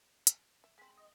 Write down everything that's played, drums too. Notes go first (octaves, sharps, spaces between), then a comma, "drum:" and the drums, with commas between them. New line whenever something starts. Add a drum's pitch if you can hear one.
drum: hi-hat
E5
G#3 C4 B5
D#5